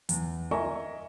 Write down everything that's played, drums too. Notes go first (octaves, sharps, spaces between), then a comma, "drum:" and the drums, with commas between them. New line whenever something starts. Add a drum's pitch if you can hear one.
E2, drum: hi-hat
A#4 D#5 E5 G#5 A#5 C#6